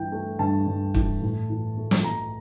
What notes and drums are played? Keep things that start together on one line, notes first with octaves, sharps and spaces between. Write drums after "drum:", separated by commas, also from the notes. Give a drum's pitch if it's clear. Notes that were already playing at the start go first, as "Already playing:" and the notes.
Already playing: G2 E3 G5
A3
G2 A5
G2
E3, drum: kick
A2
E3
A3
drum: snare
A2 A#5